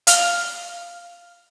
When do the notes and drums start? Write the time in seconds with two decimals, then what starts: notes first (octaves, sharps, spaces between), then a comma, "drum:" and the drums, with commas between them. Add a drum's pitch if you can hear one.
0.07 F5 F6 F7, drum: hi-hat